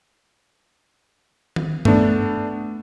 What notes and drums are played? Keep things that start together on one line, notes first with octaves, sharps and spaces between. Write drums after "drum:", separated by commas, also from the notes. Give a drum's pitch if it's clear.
drum: tom D#3
A3 B3 D4, drum: tom G2